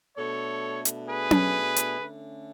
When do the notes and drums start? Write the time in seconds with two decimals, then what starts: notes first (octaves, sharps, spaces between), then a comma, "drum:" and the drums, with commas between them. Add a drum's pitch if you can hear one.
0.17 B2 A3 D4 A4 C#5
0.85 drum: hi-hat
1.07 G#4 B4
1.31 drum: tom C#4
1.76 drum: hi-hat
1.99 D3 A3 C#4